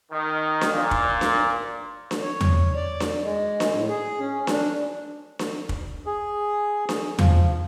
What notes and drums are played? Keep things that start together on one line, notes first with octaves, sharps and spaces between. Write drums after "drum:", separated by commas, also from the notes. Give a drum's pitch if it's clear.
D#3
drum: snare D4
A#2
drum: kick
drum: snare D4
drum: snare D4
C#5
drum: tom E2
D5
drum: snare D4
G#3
drum: snare D4
A2
G#4
C#4
D4, drum: snare D4
drum: snare D4
drum: kick
G#4
drum: snare D4
F3, drum: tom E2